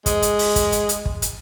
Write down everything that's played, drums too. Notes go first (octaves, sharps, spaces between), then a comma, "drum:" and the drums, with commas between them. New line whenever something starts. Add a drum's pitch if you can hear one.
G#3, drum: kick, hi-hat
drum: hi-hat
drum: open hi-hat
drum: kick, hi-hat
drum: hi-hat
drum: hi-hat
drum: kick
drum: hi-hat